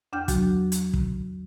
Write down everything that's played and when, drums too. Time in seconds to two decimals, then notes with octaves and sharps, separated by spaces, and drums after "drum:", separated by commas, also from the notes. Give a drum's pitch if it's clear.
0.13 E2 D4 F#5 G5 F6 G6
0.28 F#3 F#4, drum: kick, hi-hat
0.72 drum: hi-hat
0.94 drum: kick